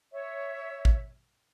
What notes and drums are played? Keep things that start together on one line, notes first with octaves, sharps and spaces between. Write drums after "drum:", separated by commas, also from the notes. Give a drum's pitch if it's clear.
C#5 E5
drum: kick